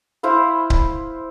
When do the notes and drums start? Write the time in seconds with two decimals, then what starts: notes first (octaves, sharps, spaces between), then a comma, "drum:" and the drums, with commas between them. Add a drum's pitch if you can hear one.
0.23 E4 C5 F5 B5
0.70 drum: kick C#1